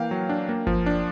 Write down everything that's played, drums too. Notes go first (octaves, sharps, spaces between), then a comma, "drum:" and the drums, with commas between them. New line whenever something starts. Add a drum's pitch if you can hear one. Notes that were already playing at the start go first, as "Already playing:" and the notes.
Already playing: E3 A#3 F5 G5
F#3
D4
A#3
F3, drum: kick G1
D4